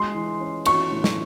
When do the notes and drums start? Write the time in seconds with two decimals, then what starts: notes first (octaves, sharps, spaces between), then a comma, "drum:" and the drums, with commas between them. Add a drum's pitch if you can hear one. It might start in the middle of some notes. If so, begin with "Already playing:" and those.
Already playing: G#3 C6
0.15 E3
0.40 C#4
0.66 E3 C#6, drum: cymbal
0.91 A2
1.04 drum: snare